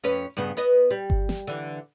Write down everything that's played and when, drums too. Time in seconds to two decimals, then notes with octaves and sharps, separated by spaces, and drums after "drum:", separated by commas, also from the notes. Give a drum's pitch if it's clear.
0.04 F2 C#4 B4
0.37 G2 C#3 B3
0.57 B3 B4 D#5
0.91 G3
1.10 drum: kick G1
1.29 drum: snare
1.47 D3 E3